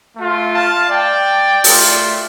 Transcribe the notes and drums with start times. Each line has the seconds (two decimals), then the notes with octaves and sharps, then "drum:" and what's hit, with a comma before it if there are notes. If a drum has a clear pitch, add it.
0.16 A3 F4
0.53 F5 A5
0.90 D5 G5
1.64 A3 F4, drum: open hi-hat